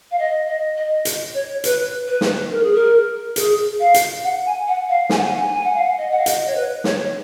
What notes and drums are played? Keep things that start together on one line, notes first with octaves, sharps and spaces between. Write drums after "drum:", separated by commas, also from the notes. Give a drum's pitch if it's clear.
F5
D#5
D#5
D#5
drum: hi-hat
C#5
B4, drum: hi-hat
B4
drum: snare
A#4
G#4
A#4
G#4, drum: hi-hat
F5
drum: hi-hat
F#5
G#5
F#5
F5
G#5, drum: snare
F#5
G#5
G#5
F#5
F5
F#5
D#5
F#5
F5
D#5, drum: hi-hat
D#5
C#5
B4
C#5, drum: snare